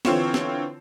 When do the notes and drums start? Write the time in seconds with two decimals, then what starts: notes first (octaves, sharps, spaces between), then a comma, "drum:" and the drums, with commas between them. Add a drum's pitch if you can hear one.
0.05 D3 E3 C4 F4 C#5 E7, drum: snare
0.34 drum: snare